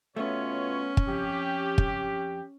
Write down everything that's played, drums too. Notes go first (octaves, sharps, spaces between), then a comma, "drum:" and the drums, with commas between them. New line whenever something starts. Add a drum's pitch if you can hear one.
B2 A3 B3 C#4 F4 C#5
drum: kick
F2 G4
drum: kick